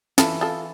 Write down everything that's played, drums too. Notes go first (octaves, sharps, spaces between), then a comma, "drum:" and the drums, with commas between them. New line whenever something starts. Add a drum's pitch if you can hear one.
E3 F4 A4, drum: snare
F4 A4